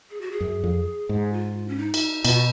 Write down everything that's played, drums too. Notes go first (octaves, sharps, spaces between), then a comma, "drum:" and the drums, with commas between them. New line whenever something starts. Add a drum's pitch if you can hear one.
G#4
F#4
G#4
F#2
F2
G#2
F4
C#4
D#4
drum: cymbal
B2 F4, drum: cymbal
F#4